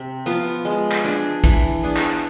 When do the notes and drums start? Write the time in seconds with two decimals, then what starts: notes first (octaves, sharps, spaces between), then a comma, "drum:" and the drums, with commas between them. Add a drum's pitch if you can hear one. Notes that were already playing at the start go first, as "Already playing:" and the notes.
Already playing: C3
0.26 F3 B3 F4
0.65 G#3
0.91 drum: clap
1.05 D4 G#4
1.44 E3, drum: kick, cymbal
1.83 B3 D4 G#4
1.96 drum: clap